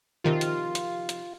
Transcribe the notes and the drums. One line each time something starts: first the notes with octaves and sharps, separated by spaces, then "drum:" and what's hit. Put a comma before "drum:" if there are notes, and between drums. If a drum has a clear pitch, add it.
C3 D#3 F3 F4
drum: hi-hat
drum: hi-hat
drum: hi-hat